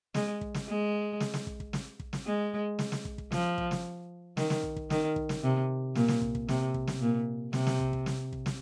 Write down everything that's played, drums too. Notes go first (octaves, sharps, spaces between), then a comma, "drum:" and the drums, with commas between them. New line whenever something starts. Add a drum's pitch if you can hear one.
G#3, drum: snare
drum: kick
drum: snare
G#3
drum: snare
drum: snare
drum: kick
drum: kick
drum: snare
drum: kick
drum: snare
G#3
drum: snare
drum: snare
drum: kick
drum: kick
F3, drum: snare
drum: kick
drum: snare
D#3, drum: snare
drum: snare
drum: kick
drum: kick
D#3, drum: snare
drum: kick
drum: snare
C3
A#2, drum: snare
drum: snare
drum: kick
drum: kick
C3, drum: snare
drum: kick
drum: snare
A#2
C3, drum: snare
drum: snare
drum: kick
drum: kick
drum: snare
drum: kick
drum: snare